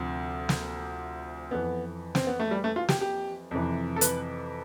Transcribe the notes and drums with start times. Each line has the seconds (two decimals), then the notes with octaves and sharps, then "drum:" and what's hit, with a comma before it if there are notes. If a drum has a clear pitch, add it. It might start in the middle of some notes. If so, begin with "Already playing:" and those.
Already playing: D2 C3 F3
0.49 drum: snare
1.51 F2 E3 B3
2.15 C4, drum: snare
2.27 B3
2.40 A3
2.51 G3
2.64 A3
2.76 F4
2.89 G4, drum: snare
3.01 G4
3.51 F2 C3 E3
3.96 A4
4.01 B4, drum: hi-hat